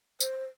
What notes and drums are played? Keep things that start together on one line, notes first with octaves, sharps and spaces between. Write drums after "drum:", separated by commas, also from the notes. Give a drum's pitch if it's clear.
C5, drum: tambourine